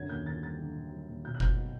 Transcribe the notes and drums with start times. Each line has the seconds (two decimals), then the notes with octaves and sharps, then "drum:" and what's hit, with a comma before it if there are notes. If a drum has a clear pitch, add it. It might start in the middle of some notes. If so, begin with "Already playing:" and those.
Already playing: F#2 D3 G#6
0.10 D#2 G6
0.26 D3 A6
0.42 G3 A6
0.59 D3
0.75 D3
0.92 G3
1.08 D#2
1.25 B1 G6
1.34 F#6
1.40 B3 G6, drum: kick F#1
1.57 B2